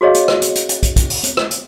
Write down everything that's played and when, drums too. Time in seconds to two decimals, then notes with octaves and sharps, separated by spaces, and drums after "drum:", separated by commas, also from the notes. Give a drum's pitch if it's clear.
0.01 F#4 G#4 C#5 D#5 F5
0.14 drum: hi-hat
0.28 drum: rim click
0.42 drum: hi-hat
0.55 drum: hi-hat
0.69 drum: hi-hat
0.83 drum: kick, hi-hat
0.96 drum: kick, hi-hat
1.10 drum: open hi-hat
1.24 drum: hi-hat
1.37 drum: rim click
1.51 drum: hi-hat